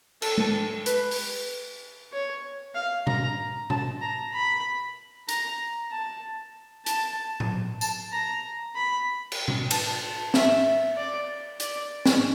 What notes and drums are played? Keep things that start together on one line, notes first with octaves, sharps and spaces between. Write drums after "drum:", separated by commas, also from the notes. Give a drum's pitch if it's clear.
A4, drum: cymbal
drum: tom G#3
B4, drum: hi-hat
drum: open hi-hat
C#5
F5
A#5, drum: tom B2
A5, drum: tom B2
A#5
B5
A#5, drum: hi-hat
A5
A5, drum: hi-hat
drum: tom A#2
A5, drum: tambourine
A#5
B5
drum: cymbal
drum: tom B2
A5, drum: cymbal
E5, drum: snare
D5
D5, drum: hi-hat
drum: snare